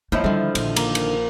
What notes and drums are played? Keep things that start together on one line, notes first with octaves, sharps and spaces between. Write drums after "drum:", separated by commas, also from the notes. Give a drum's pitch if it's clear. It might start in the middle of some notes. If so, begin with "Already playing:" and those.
D#2 F3 A3 D#4 E4
D3 D#3 G3 C5
A#1, drum: cymbal
A#3, drum: cymbal
drum: cymbal